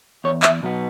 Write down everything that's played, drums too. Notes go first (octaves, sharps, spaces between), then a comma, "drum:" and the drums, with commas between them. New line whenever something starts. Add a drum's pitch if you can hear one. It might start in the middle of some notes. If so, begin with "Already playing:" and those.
E2 C#5
E5, drum: clap
B2 F#3 B3